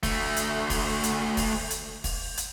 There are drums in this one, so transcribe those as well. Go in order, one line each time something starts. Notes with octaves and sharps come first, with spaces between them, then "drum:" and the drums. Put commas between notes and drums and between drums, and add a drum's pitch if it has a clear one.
D2 A3, drum: kick, open hi-hat
drum: hi-hat
drum: kick, open hi-hat
drum: hi-hat
drum: kick, open hi-hat
drum: hi-hat
drum: kick, open hi-hat
drum: hi-hat